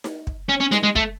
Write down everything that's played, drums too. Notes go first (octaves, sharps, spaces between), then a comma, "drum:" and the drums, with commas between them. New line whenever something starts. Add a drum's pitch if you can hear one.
drum: snare D#4
drum: kick
C#4
C#4
G#3, drum: snare D#4
G#3
A3, drum: kick